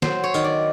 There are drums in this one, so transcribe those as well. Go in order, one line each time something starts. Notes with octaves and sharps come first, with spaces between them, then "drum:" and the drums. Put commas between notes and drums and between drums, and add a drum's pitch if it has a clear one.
F#3 C5, drum: snare
C#5
D#3, drum: tambourine
D5